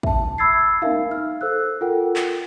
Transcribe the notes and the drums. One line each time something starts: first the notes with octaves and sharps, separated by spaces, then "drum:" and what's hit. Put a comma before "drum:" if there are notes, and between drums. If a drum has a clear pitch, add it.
E5 A5, drum: kick
B5 E6 G#6 A6 C7
D#4 A#4 E5 F5, drum: tom
F6
A4 C5 E6 F#6
F4 A4 A#4 F#5 G5
drum: clap